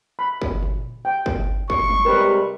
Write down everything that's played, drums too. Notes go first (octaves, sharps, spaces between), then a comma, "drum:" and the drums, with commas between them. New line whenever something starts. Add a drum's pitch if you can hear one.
B5
drum: kick
drum: tom A#2
G5
drum: kick
C#6, drum: kick
drum: tom F#3
C3 G3 G#3 A#4 B4